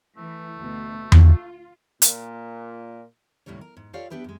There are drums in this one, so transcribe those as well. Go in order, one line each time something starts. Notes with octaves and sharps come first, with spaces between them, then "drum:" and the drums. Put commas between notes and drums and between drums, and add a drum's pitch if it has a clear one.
E3 A3
D2 B2
F4, drum: tom E2
A#2, drum: hi-hat
D#2 A2 C#3 G3 C#5
A#4
G#2
F4 G4 A4 C#5 D5 F5
G3 B3 D4 G4 B4 E5
F#2 G#3